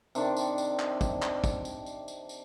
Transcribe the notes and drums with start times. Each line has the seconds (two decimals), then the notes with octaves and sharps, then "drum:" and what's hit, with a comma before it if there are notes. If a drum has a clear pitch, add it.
0.15 C3 D#3 D4, drum: tambourine
0.37 drum: tambourine
0.58 drum: tambourine
0.79 drum: clap
1.01 drum: kick, tambourine
1.22 drum: clap
1.44 drum: kick, tambourine
1.65 drum: tambourine
1.86 drum: tambourine
2.08 drum: tambourine
2.29 drum: tambourine